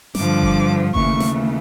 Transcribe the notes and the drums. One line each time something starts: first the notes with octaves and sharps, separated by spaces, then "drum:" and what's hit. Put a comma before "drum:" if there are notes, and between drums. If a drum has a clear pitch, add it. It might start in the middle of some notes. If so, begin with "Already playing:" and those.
G2 D3 F3 D6, drum: snare
drum: kick G1
D#2 C#3 E3 A3 C#6, drum: kick G1
drum: snare